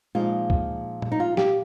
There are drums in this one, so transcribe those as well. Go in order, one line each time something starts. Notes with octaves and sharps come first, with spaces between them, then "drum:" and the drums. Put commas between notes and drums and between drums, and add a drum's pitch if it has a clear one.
A#2 F3 G#3 D#4 F4
drum: kick C#2
drum: tom A#2
D#4
F4
G4, drum: snare